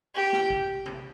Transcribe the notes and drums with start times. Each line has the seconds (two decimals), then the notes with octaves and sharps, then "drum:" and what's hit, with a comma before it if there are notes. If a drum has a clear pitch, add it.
0.15 G4
0.33 drum: snare
0.50 drum: kick
0.86 drum: tom